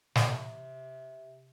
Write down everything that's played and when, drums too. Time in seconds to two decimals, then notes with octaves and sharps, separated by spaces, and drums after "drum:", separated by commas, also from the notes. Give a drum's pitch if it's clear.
0.15 C3, drum: snare